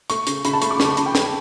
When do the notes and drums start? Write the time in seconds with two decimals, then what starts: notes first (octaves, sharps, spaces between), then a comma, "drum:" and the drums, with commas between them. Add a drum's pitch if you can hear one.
0.10 A3 C#6, drum: hi-hat
0.27 C#3, drum: hi-hat
0.45 C#3 B5, drum: hi-hat
0.53 A5
0.62 A3 C#6, drum: hi-hat
0.71 D6
0.80 C#3 C#6, drum: snare
0.89 B5
0.97 C#3 A5, drum: hi-hat
1.06 G5
1.15 A3, drum: snare